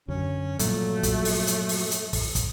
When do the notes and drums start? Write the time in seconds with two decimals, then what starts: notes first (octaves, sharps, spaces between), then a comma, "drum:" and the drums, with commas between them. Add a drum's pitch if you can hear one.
0.08 F#2 D3 F#3 C#4
0.59 G2 A#2 F3 F#3 A3, drum: hi-hat
1.03 drum: kick, hi-hat
1.25 drum: open hi-hat
1.47 drum: hi-hat
1.69 drum: open hi-hat
1.91 drum: hi-hat
2.13 drum: kick, open hi-hat
2.35 drum: kick, hi-hat